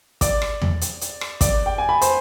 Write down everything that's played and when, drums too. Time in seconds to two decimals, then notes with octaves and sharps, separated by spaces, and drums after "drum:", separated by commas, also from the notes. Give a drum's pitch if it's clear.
0.21 D5 D6, drum: kick, hi-hat
0.42 drum: rim click
0.62 drum: tom E2
0.81 drum: hi-hat
1.01 drum: hi-hat
1.21 drum: rim click
1.41 D5 D6, drum: kick, hi-hat
1.66 G5
1.78 G#5
1.89 B5
2.01 C5 C6, drum: hi-hat